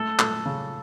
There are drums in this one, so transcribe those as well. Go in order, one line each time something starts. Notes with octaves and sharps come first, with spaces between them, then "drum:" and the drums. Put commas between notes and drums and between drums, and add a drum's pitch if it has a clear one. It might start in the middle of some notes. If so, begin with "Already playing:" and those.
Already playing: A3 A4
A3, drum: clap
C#3